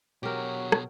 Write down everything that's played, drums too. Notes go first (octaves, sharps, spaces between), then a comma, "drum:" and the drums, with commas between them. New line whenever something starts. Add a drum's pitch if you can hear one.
B2 F#3 G4 G#4 A#4
drum: rim click